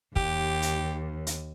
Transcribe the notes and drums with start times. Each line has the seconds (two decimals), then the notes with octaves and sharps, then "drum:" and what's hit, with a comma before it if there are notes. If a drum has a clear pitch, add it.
0.16 D#2 G4, drum: kick
0.62 drum: hi-hat
1.27 drum: hi-hat